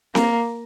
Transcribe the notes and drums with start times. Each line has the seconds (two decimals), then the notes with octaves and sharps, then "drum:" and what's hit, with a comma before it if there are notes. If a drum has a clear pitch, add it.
0.15 A#3, drum: snare C4